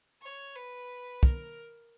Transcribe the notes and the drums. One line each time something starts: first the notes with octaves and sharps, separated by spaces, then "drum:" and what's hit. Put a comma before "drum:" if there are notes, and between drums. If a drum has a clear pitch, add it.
C#5
B4
A#4, drum: kick